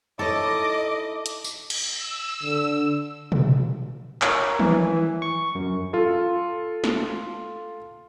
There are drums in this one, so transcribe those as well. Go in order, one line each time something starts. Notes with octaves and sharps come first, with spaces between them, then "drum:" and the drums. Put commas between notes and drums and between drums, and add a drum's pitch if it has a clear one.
D#4 E4 A4 C#5 D#5 D6
drum: hi-hat
drum: tambourine
drum: cymbal
E6
D3
drum: tom
A#4 C#5, drum: clap
E3, drum: tom
C#6
F#2
F4 A4
drum: snare